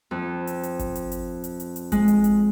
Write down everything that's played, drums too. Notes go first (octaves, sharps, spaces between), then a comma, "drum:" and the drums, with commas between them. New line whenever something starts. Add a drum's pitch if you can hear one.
F2
drum: hi-hat
drum: hi-hat
drum: kick G#1, hi-hat
drum: hi-hat
drum: hi-hat
drum: hi-hat
drum: hi-hat
drum: hi-hat
G#3, drum: kick G#1, hi-hat
drum: hi-hat
drum: hi-hat